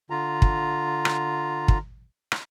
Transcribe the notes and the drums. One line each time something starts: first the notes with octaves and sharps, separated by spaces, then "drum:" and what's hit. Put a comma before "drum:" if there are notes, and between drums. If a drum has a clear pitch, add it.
D3 F4 A#5
drum: kick
drum: rim click
drum: kick
drum: rim click